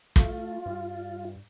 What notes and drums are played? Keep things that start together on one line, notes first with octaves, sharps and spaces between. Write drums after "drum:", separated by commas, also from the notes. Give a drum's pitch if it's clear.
A3 F4, drum: kick
G2